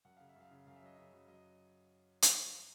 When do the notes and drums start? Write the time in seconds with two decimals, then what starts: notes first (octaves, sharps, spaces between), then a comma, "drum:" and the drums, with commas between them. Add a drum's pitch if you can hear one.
0.05 F#2 F#5
0.17 C#3 F5
0.29 E5
0.36 F#2 F5
0.51 C#3
0.67 F#2 F5
0.76 E5
0.82 F#3 D#5
0.96 C#3 E5
1.13 F#2
1.28 F#3 D#5
2.22 drum: hi-hat